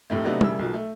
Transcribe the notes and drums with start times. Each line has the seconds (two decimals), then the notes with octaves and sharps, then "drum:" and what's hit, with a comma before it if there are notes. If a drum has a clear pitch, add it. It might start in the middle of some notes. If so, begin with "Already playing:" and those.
0.10 F1 A2 C3 A3
0.25 C3 F#3 A3 B3 D4 D#4
0.41 E1 C#3 G3 E4 E6, drum: tom
0.59 B1 B2 F3
0.74 A3